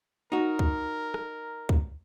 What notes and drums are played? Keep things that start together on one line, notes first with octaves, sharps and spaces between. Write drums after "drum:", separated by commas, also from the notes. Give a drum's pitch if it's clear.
D#4 F#4 A#4
drum: kick C#2
drum: rim click
drum: kick C#2